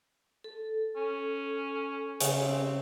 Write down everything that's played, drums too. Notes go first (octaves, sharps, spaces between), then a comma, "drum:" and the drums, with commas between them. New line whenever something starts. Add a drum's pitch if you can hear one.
A4
C#4
C#3, drum: hi-hat
C4 G4